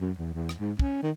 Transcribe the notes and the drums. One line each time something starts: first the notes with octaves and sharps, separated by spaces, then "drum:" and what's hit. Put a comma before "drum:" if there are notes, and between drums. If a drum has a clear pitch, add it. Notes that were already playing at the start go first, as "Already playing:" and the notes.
F#2
E2
E2
drum: rim click
G#2
C#4, drum: kick
D#3